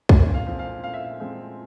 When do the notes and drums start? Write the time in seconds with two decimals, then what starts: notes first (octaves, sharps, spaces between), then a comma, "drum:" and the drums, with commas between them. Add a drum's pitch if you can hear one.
0.09 A#2, drum: kick
0.34 F5
0.46 F3 G#3 C4
0.59 F5
0.83 A#2 F5
0.94 E5
1.05 F5
1.20 F3 G#3 C4